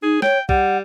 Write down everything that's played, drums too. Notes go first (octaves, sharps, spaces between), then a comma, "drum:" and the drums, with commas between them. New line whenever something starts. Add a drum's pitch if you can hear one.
D#4 G#4
C#5 G5, drum: snare
G3 F#5, drum: kick B1